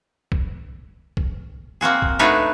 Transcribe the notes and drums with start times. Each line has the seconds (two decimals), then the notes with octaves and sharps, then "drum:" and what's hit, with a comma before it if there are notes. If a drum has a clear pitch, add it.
0.32 drum: kick
1.17 drum: kick
1.81 A#3 C4 F#4 G#4
2.02 drum: kick
2.19 A3 D4 D#4 F#4 B4 C#5